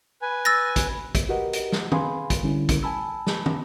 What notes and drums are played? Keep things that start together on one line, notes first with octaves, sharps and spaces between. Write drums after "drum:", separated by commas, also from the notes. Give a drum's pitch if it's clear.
B4 G#5
E6 A6 A#6
drum: kick, hi-hat
drum: kick, hi-hat
F#4 G4 A#4 B4 D#5 F#5
drum: hi-hat
drum: snare
G#4 B4 F5 G#5 B5 C6, drum: tom
drum: kick, hi-hat
D3 G3 C#4 E4
drum: kick, hi-hat
G#5 A5 B5 E6
drum: snare
drum: tom